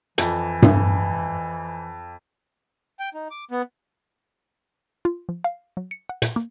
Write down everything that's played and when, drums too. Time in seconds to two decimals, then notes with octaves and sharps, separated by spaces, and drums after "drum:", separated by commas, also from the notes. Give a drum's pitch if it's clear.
0.18 F2 E3, drum: hi-hat
0.62 drum: tom G2
2.99 G5
3.14 D#4
3.31 D6
3.51 B3
5.05 F4
5.29 F3
5.44 F5
5.77 F#3
5.91 C#7
6.09 F#5
6.22 A#2, drum: hi-hat
6.36 A#3